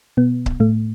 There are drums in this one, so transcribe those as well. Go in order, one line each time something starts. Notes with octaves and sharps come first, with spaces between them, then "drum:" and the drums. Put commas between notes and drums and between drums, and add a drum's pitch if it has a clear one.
B2 B3
drum: kick C#1
A2 A3